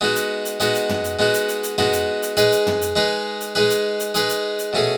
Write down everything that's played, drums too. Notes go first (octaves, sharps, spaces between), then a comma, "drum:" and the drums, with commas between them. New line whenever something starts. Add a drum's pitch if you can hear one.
G#3 B3 D#4 F#4
drum: hi-hat
drum: hi-hat
G#3 B3 D#4 F#4, drum: hi-hat
drum: hi-hat
drum: tom
drum: hi-hat
G#3 B3 D#4 F#4
drum: hi-hat
drum: hi-hat
drum: hi-hat
G#3 B3 D#4 F#4, drum: tom
drum: hi-hat
drum: hi-hat
G#3 D#4 G#4 B4, drum: hi-hat
drum: hi-hat
drum: tom
drum: hi-hat
G#3 D#4 G#4 B4
drum: hi-hat
G#3 D#4 G#4 B4
drum: hi-hat
drum: hi-hat
G#3 D#4 G#4 B4, drum: hi-hat
drum: hi-hat
drum: hi-hat
B2 A3 C#4 G#4